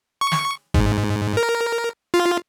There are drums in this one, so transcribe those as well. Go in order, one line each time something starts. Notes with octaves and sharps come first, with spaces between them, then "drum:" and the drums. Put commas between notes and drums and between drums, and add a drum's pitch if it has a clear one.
C#6
drum: snare
G#2, drum: kick G1
A#4
F4